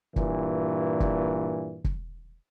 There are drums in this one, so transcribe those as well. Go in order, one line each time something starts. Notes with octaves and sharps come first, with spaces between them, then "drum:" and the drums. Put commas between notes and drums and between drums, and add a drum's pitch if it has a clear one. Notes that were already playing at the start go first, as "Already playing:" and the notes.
G2 A#2 E3, drum: kick
drum: kick
drum: kick